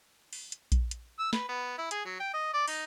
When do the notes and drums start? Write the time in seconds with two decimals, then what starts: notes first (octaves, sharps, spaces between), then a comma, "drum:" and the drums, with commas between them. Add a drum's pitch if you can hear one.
0.33 drum: open hi-hat
0.52 drum: hi-hat
0.72 drum: kick A#1, hi-hat
0.91 drum: hi-hat
1.19 E6
1.33 B4, drum: snare
1.49 B3
1.78 E4
1.91 G#4, drum: hi-hat
2.05 F#3
2.20 G5
2.34 D#5
2.54 D5
2.68 D#4, drum: open hi-hat